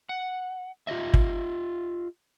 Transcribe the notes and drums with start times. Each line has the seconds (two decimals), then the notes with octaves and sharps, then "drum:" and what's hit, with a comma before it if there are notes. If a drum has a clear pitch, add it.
0.09 F#5
0.87 F4 G4 D#5 E5
1.14 drum: kick